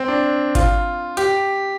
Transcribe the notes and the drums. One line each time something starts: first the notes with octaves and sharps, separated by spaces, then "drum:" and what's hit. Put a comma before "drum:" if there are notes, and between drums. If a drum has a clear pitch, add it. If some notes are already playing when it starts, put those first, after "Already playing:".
Already playing: C4
D4
F4, drum: kick G#1, hi-hat
G4, drum: hi-hat